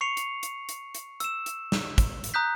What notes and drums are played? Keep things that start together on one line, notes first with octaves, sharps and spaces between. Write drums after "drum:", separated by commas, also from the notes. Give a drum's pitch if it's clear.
C#6 C7 C#7 F7
drum: hi-hat
drum: hi-hat
drum: hi-hat
drum: hi-hat
E6 E7, drum: hi-hat
drum: hi-hat
drum: snare
drum: kick, hi-hat
drum: hi-hat
A#5 D#6 F#6 G6 B6